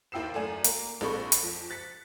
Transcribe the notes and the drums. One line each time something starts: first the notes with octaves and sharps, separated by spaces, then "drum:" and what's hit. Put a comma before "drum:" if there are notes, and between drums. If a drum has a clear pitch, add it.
D#2 E4 G5 E6 C7 E7
F#2 A3 D5 G#5 E7
A#3, drum: hi-hat
A#1 G#3 C4 A4 B5 C#6
drum: hi-hat
F2
F#6 A6 B6 C#7